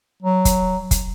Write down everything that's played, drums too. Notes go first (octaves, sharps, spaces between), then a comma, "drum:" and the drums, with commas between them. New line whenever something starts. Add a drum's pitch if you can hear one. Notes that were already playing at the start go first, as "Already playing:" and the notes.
F#3
drum: kick, hi-hat
drum: kick, hi-hat